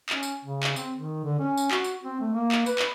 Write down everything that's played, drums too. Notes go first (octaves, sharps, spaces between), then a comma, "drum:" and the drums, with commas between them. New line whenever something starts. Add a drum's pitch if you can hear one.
C#4, drum: clap
drum: tambourine
C#3
drum: clap
C4, drum: tambourine
D#3
D3
C#4
drum: tambourine
F#4, drum: clap
drum: tambourine
C4
A3
A#3
drum: clap
B4, drum: tambourine
drum: clap